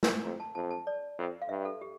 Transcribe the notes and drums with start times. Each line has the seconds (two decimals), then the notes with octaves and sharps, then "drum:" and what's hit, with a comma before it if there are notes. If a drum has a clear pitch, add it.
0.03 drum: snare
0.24 F2 A#5
0.40 A5
0.55 F2 A5
0.71 A5
0.87 D5
1.18 F2
1.42 F5
1.49 G2 E5
1.65 A4
1.81 G4